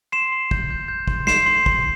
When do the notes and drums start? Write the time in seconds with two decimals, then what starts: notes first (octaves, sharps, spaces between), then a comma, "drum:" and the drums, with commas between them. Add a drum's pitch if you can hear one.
0.12 C6 C7 E7
0.32 C6
0.51 G6, drum: kick
0.70 G6
0.88 G6
1.07 C6, drum: kick
1.27 C6 C7 E7, drum: snare
1.46 C6
1.66 C6, drum: kick